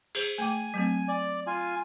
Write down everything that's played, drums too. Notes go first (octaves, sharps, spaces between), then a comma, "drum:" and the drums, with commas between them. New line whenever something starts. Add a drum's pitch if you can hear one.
G#4 C5, drum: cymbal
A3 G5 G#5 D6
F#3 A3 C4
D5
F4 G#5